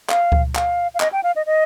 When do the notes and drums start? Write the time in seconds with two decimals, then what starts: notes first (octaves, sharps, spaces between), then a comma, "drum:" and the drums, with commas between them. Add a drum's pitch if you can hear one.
0.10 F5, drum: clap
0.32 drum: kick C#2
0.55 F5, drum: clap
0.95 F5
1.00 D#5, drum: clap
1.12 G5
1.24 F5
1.36 D#5
1.46 D#5